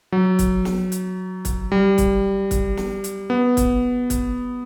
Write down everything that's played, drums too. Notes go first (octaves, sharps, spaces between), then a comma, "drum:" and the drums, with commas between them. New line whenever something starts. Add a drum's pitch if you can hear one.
F#3
drum: kick, hi-hat
drum: snare
drum: hi-hat
drum: kick, hi-hat
G3
drum: kick, hi-hat
drum: kick, hi-hat
drum: snare
drum: hi-hat
B3
drum: kick, hi-hat
drum: kick, hi-hat